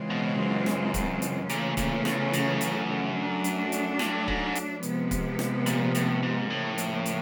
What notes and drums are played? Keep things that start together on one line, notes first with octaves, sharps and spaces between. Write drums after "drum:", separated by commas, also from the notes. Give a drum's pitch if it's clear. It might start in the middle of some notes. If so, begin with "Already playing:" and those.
Already playing: C#3 E3 G#3 C4 F4
B2
F#2
drum: snare
drum: kick C#1, hi-hat
drum: hi-hat
A#2 C#3 E3 A3 C#4 F4, drum: hi-hat
A#2, drum: kick C#1, hi-hat
E2, drum: snare
F#2, drum: hi-hat
drum: hi-hat
F#3 A3 D4
drum: hi-hat
drum: hi-hat
G2, drum: snare
G#2, drum: kick C#1
drum: hi-hat
C3 F3 G#3 B3, drum: hi-hat
drum: kick C#1, hi-hat
drum: snare
A#2, drum: hi-hat
A2, drum: hi-hat
G#2
A2 C#3 F3 A#3
drum: hi-hat
drum: hi-hat